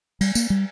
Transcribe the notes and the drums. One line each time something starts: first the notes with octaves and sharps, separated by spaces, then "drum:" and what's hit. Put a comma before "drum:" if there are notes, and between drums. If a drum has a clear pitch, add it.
G3, drum: cymbal
A#3, drum: tambourine
G3